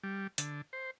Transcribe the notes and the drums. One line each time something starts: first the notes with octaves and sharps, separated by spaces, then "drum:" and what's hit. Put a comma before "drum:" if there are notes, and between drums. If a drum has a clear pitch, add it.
G3
D3, drum: hi-hat
C5